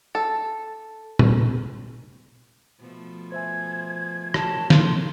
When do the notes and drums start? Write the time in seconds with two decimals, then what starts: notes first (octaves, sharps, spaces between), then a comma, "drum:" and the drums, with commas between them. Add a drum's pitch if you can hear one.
0.15 A4
1.19 drum: tom A#2
2.79 B2 F3 A3
3.32 C5 E5 G#5 G#6
4.34 A#4 C#5 A5, drum: rim click
4.70 C6, drum: snare